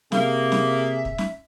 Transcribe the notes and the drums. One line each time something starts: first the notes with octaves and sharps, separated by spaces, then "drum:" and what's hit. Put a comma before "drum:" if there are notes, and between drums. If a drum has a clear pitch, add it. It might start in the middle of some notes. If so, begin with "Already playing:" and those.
C3 A#3 G#4 E5, drum: snare
drum: snare
drum: kick
drum: snare